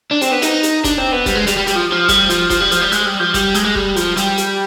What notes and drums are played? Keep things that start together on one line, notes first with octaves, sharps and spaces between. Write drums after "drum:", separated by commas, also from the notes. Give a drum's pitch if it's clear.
D4
C4, drum: hi-hat
B3
D#4, drum: hi-hat
drum: hi-hat
D4, drum: kick, hi-hat
C4
B3
G3, drum: kick, hi-hat
G#3
G3, drum: hi-hat
G3
G3, drum: hi-hat
F3
F3
G3, drum: kick, hi-hat
F3, drum: hi-hat
F3, drum: kick, hi-hat
G3
F3, drum: hi-hat
G3
G#3, drum: hi-hat
G3
F3
G3, drum: kick, hi-hat
G#3, drum: hi-hat
G#3
G3, drum: kick
F3, drum: hi-hat
G3, drum: hi-hat
drum: hi-hat